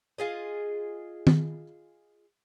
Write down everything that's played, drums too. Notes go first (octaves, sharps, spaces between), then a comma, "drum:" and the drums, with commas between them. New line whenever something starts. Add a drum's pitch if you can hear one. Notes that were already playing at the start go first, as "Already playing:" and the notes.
F4 G#4 D#5
drum: tom D#3